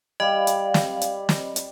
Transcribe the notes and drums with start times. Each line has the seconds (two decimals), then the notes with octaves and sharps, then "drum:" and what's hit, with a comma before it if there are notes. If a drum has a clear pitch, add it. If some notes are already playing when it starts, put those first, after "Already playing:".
0.20 G3 D5 D#5 F5
0.47 drum: hi-hat
0.74 drum: snare
1.01 drum: hi-hat
1.29 drum: snare
1.56 drum: hi-hat